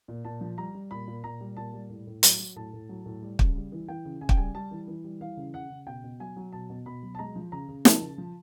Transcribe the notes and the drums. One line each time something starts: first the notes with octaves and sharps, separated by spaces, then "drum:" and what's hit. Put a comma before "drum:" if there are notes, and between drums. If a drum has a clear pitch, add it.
A#2
A#2 A5
F3
G3 A#5
G3
A#2 B5
A#2
A#2 A#5
G3
A#2 A5
G3
A2
A2
F#3, drum: hi-hat
F#3
A2 A5
A2
F#3
A2
G3
C#3, drum: kick
G3
E3
E3 G5
C#3
C#3 G#5
G5, drum: kick
G3 G#5
G3 A5
E3
E3
G3
E3 F5
C#3
C#3 F#5
C#3
B2 G5
B2
F#3 G#5
F#3
B2 A5
B2
B2 B5
F#3
A5
G#3 A#5
F3
C#3 A#5
C#3
F3 A5, drum: snare
C#3
F3